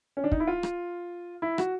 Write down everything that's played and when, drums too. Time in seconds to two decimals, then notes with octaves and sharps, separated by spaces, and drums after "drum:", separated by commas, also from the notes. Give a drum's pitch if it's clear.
0.17 C#4
0.24 D4
0.32 D#4, drum: kick
0.40 E4
0.47 F4
0.63 drum: rim click
1.42 E4
1.58 F#4, drum: rim click